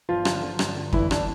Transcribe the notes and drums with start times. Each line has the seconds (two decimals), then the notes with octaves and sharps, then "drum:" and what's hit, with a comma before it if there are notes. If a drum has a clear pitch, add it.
0.09 G1 F3 F4
0.25 D3, drum: rim click
0.42 D3
0.59 G2, drum: rim click
0.76 D3
0.93 G1 E3 E4, drum: kick F2
1.11 D4, drum: rim click